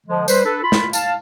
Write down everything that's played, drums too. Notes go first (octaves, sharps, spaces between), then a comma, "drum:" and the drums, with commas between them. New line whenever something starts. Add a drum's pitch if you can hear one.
D3 F3 G#3
G3 B4 C5, drum: tambourine
D4 A4 B4
F4 B5
drum: snare
F5 A5, drum: tambourine